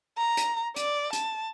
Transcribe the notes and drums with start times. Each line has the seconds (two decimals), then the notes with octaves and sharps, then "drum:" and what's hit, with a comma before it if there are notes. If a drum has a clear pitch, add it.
0.18 A#5
0.37 drum: hi-hat
0.76 D5, drum: hi-hat
1.13 A5, drum: hi-hat